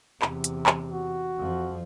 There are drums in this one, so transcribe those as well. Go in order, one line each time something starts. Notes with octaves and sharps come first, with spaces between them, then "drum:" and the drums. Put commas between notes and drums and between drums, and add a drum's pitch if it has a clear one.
E2 C3, drum: clap
drum: hi-hat
drum: clap
F#4
F2 F3